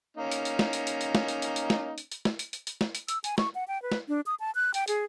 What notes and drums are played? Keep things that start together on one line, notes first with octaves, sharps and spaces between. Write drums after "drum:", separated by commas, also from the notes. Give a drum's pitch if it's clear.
A#3 C#4 D#4
drum: hi-hat
drum: hi-hat
drum: snare
drum: hi-hat
drum: hi-hat
drum: hi-hat
drum: snare
drum: hi-hat
drum: hi-hat
drum: hi-hat
drum: snare
drum: hi-hat
drum: hi-hat
drum: snare
drum: hi-hat
drum: hi-hat
drum: hi-hat
drum: snare
drum: hi-hat
E6, drum: hi-hat
G#5, drum: hi-hat
C#6, drum: snare
F#5
G5
B4
drum: snare
D4
D#6
A5
F#6
G5, drum: hi-hat
G#4, drum: hi-hat